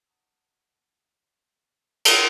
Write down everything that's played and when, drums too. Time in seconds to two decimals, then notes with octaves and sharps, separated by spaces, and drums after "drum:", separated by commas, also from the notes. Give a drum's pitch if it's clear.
0.07 F#5 A5 A#5 C#6 D#6
2.05 drum: cymbal